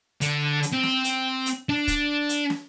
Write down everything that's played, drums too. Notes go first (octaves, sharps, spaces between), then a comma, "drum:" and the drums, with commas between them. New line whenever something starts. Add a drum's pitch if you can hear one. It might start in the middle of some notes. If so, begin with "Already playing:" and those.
D3, drum: hi-hat
drum: hi-hat
C4
drum: snare
drum: hi-hat
drum: hi-hat
D4
drum: kick, hi-hat
drum: hi-hat
drum: snare